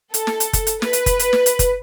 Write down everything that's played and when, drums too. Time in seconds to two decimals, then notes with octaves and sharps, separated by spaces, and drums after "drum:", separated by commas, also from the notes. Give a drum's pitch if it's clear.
0.14 A4, drum: hi-hat
0.27 drum: snare
0.40 drum: hi-hat
0.53 drum: kick F#1, hi-hat
0.67 drum: hi-hat
0.82 B4, drum: snare
0.93 drum: hi-hat
1.06 drum: kick F#1, hi-hat
1.19 drum: hi-hat
1.33 drum: snare
1.46 drum: hi-hat
1.59 drum: kick F#1, hi-hat